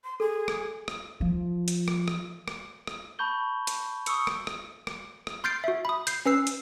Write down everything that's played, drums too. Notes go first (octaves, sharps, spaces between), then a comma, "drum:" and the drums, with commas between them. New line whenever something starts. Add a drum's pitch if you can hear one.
C6
G#4 A4
drum: rim click
drum: rim click
F3
drum: hi-hat
drum: rim click
drum: rim click
drum: rim click
drum: rim click
A5 B5 C#6 G6 G7
drum: hi-hat
C#6 D#6 E6 C#7, drum: hi-hat
drum: rim click
drum: rim click
drum: rim click
drum: rim click
C6 F6 G6 A6 C7 D7
F#4 E5
B5 D#6
G6 C7, drum: hi-hat
C#4 B4 E6 C7
drum: hi-hat